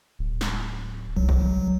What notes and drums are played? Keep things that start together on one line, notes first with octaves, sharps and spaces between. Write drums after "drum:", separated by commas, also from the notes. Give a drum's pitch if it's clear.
D1
drum: snare
C2 F#3
drum: kick G#1